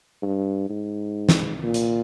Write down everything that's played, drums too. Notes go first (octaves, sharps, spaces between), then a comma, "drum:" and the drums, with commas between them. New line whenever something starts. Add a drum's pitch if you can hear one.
G2
G#2
drum: snare
A#2
drum: hi-hat